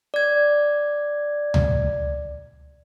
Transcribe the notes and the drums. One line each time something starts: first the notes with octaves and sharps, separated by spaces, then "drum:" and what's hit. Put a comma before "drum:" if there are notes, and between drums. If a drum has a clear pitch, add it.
D5 G#6
drum: tom C#2